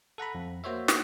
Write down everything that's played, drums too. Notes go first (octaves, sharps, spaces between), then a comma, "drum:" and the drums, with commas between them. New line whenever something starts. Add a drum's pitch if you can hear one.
A4 F#5 A#5 B5
F2
A#3 F#4 C5 C#5 E5
drum: snare